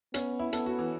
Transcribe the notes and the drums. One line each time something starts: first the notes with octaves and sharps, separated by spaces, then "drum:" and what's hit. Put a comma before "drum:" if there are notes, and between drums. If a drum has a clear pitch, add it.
B3 C#4, drum: hi-hat
E4
B3 A4, drum: hi-hat
F#4
E3